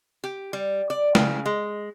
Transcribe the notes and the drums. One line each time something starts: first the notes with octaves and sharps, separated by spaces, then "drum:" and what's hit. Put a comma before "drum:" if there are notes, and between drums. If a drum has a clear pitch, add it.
G4
G3
D5
C#3, drum: snare
G#3